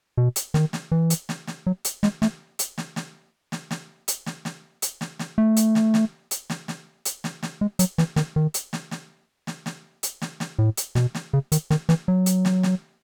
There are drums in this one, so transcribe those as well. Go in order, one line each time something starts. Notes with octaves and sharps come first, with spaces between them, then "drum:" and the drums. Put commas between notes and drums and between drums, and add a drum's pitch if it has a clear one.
B2
drum: hi-hat
D#3, drum: snare
drum: snare
E3
drum: hi-hat
drum: snare
drum: snare
F#3
drum: hi-hat
G#3, drum: snare
A3, drum: snare
drum: hi-hat
drum: snare
drum: snare
drum: snare
drum: snare
drum: hi-hat
drum: snare
drum: snare
drum: hi-hat
drum: snare
drum: snare
A3
drum: hi-hat
drum: snare
drum: snare
drum: hi-hat
drum: snare
drum: snare
drum: hi-hat
drum: snare
drum: snare
G#3
F#3, drum: hi-hat
E3, drum: snare
D#3, drum: snare
D#3
drum: hi-hat
drum: snare
drum: snare
drum: snare
drum: snare
drum: hi-hat
drum: snare
drum: snare
A2
drum: hi-hat
B2, drum: snare
drum: snare
C#3
D#3, drum: hi-hat
D#3, drum: snare
E3, drum: snare
F#3
drum: hi-hat
drum: snare
drum: snare